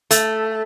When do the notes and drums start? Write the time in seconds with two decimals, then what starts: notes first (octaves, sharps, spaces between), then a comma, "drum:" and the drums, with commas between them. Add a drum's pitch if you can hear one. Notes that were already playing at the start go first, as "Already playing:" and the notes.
0.11 A3, drum: hi-hat